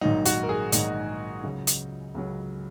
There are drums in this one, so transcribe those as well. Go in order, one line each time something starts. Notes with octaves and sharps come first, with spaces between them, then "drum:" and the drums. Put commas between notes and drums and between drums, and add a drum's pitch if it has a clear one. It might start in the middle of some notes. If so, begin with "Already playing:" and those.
A#1 G#2 D#3 F#3 D#4
F#4, drum: hi-hat
A#4
G#4
A#1 G#2 D#3 F#3 D#4, drum: hi-hat
C#2 C#3 F#3
drum: hi-hat
C#2 C#3 F#3